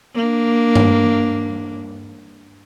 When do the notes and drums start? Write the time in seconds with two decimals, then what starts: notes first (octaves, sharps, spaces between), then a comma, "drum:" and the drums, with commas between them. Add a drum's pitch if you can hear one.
0.15 A#3 D4
0.75 drum: tom G2